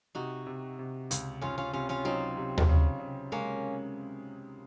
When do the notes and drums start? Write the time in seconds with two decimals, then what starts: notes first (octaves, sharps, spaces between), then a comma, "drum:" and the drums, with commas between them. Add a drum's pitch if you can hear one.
0.15 C3 D#4 F#4
0.47 C3
0.79 C3
1.11 C#2, drum: hi-hat
1.41 C#2 C#4 F4
1.58 C#4 F4
1.73 C3 C#4 F4
1.89 C#4 F4
2.05 F#3 C4 D#4
2.37 C3
2.57 drum: tom D#2
2.69 C#3
3.00 C#3
3.32 G#3 A#3 C#4